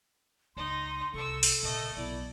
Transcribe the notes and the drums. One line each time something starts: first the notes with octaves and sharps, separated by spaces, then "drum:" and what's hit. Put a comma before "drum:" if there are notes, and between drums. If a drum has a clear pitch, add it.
C#2 D#4 D#5 C6
C2 A4 C#6 E6
drum: open hi-hat
A#2 C#3 A3 D#5
B1 E4 D5